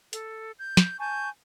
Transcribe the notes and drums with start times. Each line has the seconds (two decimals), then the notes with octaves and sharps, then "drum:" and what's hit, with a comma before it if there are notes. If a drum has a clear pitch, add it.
0.13 A4, drum: hi-hat
0.58 G6
0.77 drum: snare
0.99 G#5 A5 C#6 G6